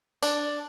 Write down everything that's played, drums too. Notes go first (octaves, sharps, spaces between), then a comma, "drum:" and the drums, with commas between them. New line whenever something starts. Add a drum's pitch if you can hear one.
D4, drum: tambourine